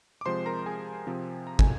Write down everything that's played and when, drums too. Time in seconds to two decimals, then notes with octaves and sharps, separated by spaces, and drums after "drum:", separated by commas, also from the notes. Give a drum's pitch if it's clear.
0.21 D6
0.26 C3 F3 G#3 C4 C5 C6
0.46 A#4 A#5
0.66 G#4 G#5
1.07 C3 F3 C4
1.47 A#5
1.59 G#5, drum: kick